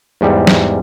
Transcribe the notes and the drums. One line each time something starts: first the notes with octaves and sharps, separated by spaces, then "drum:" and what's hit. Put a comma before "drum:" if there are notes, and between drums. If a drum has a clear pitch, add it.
E2 G#2 G3
drum: snare